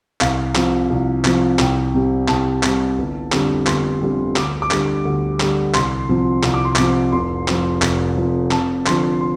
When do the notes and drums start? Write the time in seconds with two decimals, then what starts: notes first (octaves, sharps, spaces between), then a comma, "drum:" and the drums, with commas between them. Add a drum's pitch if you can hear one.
0.21 C2 F5, drum: clap
0.55 C3 F3, drum: clap
0.90 C2
1.24 C3 F3, drum: clap
1.59 C2 G5, drum: clap
1.94 C3 G3
2.28 C2 A5, drum: clap
2.63 C3 G3, drum: clap
2.98 G1
3.32 F2 D3 G3, drum: clap
3.66 G1 C6, drum: clap
4.01 F2 D3 G3
4.36 D2 D6, drum: clap
4.62 D6
4.71 D3 G3, drum: clap
5.05 D2
5.40 D3 G3, drum: clap
5.74 C2 C6, drum: clap
6.09 C3 F3
6.43 C2, drum: clap
6.54 D6
6.65 C6
6.75 C3 F3 D6, drum: clap
7.12 F1 C6
7.48 F2 F3, drum: clap
7.82 F1, drum: clap
8.16 F2 F3
8.51 F2 A5, drum: clap
8.86 D3 F3 C6, drum: clap
9.21 C6